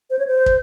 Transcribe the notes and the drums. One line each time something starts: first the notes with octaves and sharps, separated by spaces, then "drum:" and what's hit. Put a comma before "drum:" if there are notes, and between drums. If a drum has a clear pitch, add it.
C5
C#5
C5
drum: kick